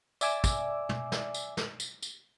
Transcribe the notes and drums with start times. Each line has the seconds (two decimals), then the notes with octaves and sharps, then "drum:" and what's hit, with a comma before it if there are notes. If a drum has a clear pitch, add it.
0.21 D5 E5 G#5 D6 E6, drum: tambourine
0.44 drum: kick, tambourine
0.89 drum: tom
1.12 drum: snare
1.34 drum: tambourine
1.57 drum: snare
1.80 drum: tambourine
2.02 drum: tambourine